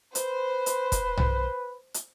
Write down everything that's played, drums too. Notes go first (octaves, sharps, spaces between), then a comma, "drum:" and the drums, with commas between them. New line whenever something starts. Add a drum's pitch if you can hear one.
B4 C5, drum: hi-hat
drum: hi-hat
drum: kick, hi-hat
drum: tom
drum: hi-hat